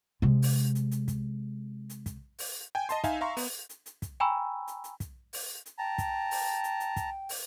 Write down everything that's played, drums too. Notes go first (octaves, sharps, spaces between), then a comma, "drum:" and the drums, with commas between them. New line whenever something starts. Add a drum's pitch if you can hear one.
C3 G#3
drum: open hi-hat
drum: hi-hat
drum: hi-hat
drum: kick, hi-hat
drum: hi-hat
drum: kick, hi-hat
drum: open hi-hat
G5 G#5
D#5 A5 C6, drum: hi-hat
D#4 E5 F5 G#5, drum: kick, hi-hat
E5 F5 A#5 C6 C#6
B3, drum: open hi-hat
drum: hi-hat
drum: hi-hat
drum: kick, hi-hat
G5 G#5 A#5 B5 C#6 E6
drum: hi-hat
drum: hi-hat
drum: kick, hi-hat
drum: open hi-hat
drum: hi-hat
G5 A5 A#5
drum: kick, hi-hat
drum: open hi-hat
drum: hi-hat
drum: hi-hat
drum: kick, hi-hat
drum: open hi-hat